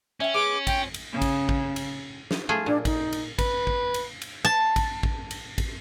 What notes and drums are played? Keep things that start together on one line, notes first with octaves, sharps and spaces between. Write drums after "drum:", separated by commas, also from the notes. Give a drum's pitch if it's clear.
C#4 E5 G5
G#3 B3 D6
F4 G5, drum: kick, cymbal
drum: cymbal
C#3
drum: kick, cymbal
drum: kick
drum: cymbal
drum: snare
A3 F4 G#4
A#2 D4
D#4, drum: kick, cymbal
drum: cymbal
B4, drum: kick, cymbal
drum: kick
drum: cymbal
drum: cymbal
A5
drum: kick, cymbal
drum: kick
drum: cymbal
drum: kick, cymbal